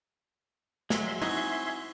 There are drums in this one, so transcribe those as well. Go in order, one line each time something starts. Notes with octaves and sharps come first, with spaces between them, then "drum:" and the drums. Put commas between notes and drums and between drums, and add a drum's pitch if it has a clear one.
F#3 G#3 E5 C6, drum: snare
C4 D#4 E4 F#4 G#5, drum: open hi-hat